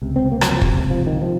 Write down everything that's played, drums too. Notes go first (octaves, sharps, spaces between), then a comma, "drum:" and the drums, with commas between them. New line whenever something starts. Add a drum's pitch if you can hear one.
C#2 C3
C4
A#3
F#3, drum: rim click
F3
C#2 C3, drum: kick
F3
D#3
C3 F3